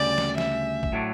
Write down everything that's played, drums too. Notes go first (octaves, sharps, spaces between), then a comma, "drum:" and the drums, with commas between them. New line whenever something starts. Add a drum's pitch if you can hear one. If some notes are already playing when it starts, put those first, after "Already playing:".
Already playing: D2 C#3 G3 D5
drum: snare
E5, drum: snare
drum: kick
A2 F#3 A3 D4